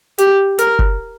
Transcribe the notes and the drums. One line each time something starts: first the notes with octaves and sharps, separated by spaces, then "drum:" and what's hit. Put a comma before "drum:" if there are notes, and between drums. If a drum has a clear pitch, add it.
G4, drum: hi-hat
A#4, drum: hi-hat
drum: kick F#1